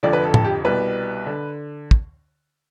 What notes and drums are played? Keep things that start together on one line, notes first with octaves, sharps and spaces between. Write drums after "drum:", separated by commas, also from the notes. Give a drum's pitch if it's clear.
F1 F2 D3 F3 D5
B4
A4
A4, drum: tom A2
G4
C2 B2 G3 B4
D3
drum: kick